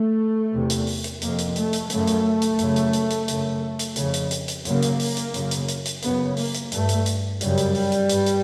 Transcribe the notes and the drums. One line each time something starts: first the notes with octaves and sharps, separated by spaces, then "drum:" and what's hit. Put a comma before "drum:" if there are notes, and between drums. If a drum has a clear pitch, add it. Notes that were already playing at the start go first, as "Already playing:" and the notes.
Already playing: A3
E2 C3
drum: hi-hat
drum: open hi-hat
drum: hi-hat
F2 C3 A#3, drum: hi-hat
drum: hi-hat
A3, drum: hi-hat
drum: hi-hat
F#2 C#3 A3, drum: hi-hat
drum: hi-hat
drum: hi-hat
F#2 C#3, drum: hi-hat
drum: hi-hat
drum: hi-hat
drum: hi-hat
F#2 C#3, drum: hi-hat
drum: hi-hat
F2 C#3, drum: hi-hat
drum: hi-hat
drum: hi-hat
drum: hi-hat
F#2 C#3 A#3, drum: hi-hat
drum: hi-hat
drum: open hi-hat
drum: hi-hat
F#2 C#3, drum: hi-hat
drum: hi-hat
drum: hi-hat
drum: hi-hat
F#2 C#3 B3, drum: hi-hat
A#3, drum: open hi-hat
drum: hi-hat
G2 A3, drum: hi-hat
drum: hi-hat
drum: hi-hat
F#2 C#3 G3, drum: hi-hat
drum: hi-hat
drum: open hi-hat
drum: hi-hat
G2, drum: hi-hat
drum: hi-hat